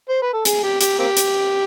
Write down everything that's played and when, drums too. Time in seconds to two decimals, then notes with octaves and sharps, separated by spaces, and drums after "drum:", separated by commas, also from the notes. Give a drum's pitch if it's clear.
0.09 C5
0.22 B4
0.33 A4
0.45 G#4, drum: hi-hat
0.63 G4
0.81 G4, drum: hi-hat
0.99 A#3 C4 G4
1.17 drum: hi-hat